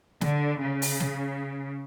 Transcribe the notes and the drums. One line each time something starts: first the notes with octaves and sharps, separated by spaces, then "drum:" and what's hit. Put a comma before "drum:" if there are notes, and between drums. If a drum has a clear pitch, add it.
D3, drum: snare
C#3
drum: open hi-hat
drum: snare